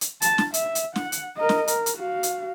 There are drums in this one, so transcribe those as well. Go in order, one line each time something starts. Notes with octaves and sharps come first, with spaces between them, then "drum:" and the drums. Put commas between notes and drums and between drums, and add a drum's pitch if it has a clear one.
drum: hi-hat
A5, drum: hi-hat
drum: snare
E5, drum: hi-hat
drum: hi-hat
F#5, drum: snare
drum: hi-hat
A#4 D#5
drum: snare
A#4, drum: hi-hat
drum: hi-hat
F#4 F5
drum: hi-hat